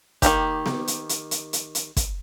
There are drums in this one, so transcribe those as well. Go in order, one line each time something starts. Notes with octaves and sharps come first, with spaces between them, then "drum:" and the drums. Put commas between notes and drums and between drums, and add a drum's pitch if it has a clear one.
D#3 E3 A#3 G4, drum: kick, hi-hat
drum: snare B3
drum: hi-hat
drum: hi-hat
drum: hi-hat
drum: hi-hat
drum: hi-hat
drum: kick, hi-hat